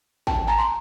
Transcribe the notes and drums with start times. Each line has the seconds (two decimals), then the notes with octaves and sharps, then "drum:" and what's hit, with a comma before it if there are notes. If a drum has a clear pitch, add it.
0.27 G5 A5, drum: kick A1
0.47 G#5 A#5
0.58 C6